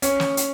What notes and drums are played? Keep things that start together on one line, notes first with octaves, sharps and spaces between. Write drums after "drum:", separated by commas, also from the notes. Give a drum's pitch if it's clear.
C#4, drum: hi-hat
drum: snare
drum: hi-hat